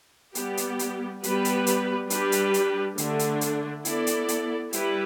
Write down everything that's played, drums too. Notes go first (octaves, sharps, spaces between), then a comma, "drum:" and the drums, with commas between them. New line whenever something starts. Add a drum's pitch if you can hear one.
G3 B3 G4, drum: hi-hat
drum: hi-hat
drum: hi-hat
G3 B3 G4 B4, drum: hi-hat
drum: hi-hat
drum: hi-hat
G3 D4 G4 B4, drum: hi-hat
drum: hi-hat
drum: hi-hat
D3 A3 D4, drum: hi-hat
drum: hi-hat
drum: hi-hat
B3 E4 A4 D5, drum: hi-hat
drum: hi-hat
drum: hi-hat
G3 E4 G4 B4, drum: hi-hat